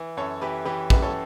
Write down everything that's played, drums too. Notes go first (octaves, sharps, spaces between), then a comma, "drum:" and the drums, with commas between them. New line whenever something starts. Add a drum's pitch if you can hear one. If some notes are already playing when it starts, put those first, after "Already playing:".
Already playing: E3
F#2 A4 C#5
E3 G4 B4
E3 G4 B4
F#2 B4, drum: kick
A4 C#5